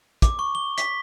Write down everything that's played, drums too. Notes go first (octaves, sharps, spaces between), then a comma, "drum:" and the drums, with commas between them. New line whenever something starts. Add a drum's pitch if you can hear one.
D6, drum: kick, hi-hat
C#6
G7
B6, drum: hi-hat